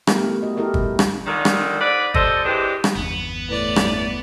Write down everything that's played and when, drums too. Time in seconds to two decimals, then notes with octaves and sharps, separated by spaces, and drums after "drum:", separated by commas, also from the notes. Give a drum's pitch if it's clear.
0.07 A3 B3 E4 G4 A#4, drum: rim click
0.27 E4
0.43 F#4 D#5
0.57 E4 G4 A4 A#4 D#5
0.74 A#2 G3, drum: kick
0.99 drum: rim click
1.26 A#2 D3 D#3
1.45 drum: rim click
1.81 G#2 B4 D5
2.14 C3 A4 C5 D5 D#5, drum: kick
2.45 E3 G#3 D4 G4 C5
2.84 drum: rim click
2.95 G1 E2 B3
3.49 A2 B4 D5
3.76 drum: rim click